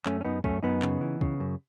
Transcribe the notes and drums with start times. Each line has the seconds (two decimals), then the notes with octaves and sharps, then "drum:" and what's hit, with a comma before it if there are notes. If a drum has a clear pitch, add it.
0.06 F#2 A3 C#4, drum: clap
0.21 C#4
0.25 F#2 B3 D#4
0.44 F#2 A3 C#4, drum: kick
0.63 F#2 B3 D#4
0.82 C#3, drum: clap
1.01 E3
1.21 C#3, drum: kick
1.40 F#2